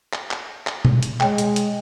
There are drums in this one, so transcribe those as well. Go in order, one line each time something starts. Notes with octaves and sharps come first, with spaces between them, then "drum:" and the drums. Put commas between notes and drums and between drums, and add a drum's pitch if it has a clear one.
drum: clap
drum: clap
drum: clap
drum: tom B2
drum: hi-hat
G#3 C#5 G5, drum: clap
drum: hi-hat
drum: hi-hat